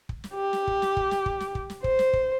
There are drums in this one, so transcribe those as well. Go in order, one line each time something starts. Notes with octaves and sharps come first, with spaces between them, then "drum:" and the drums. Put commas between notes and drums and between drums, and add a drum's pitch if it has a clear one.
drum: kick
drum: snare
G4
drum: snare
drum: kick
drum: snare
drum: kick
drum: snare
drum: kick
drum: snare
drum: kick
drum: snare
C5, drum: kick
drum: snare
drum: kick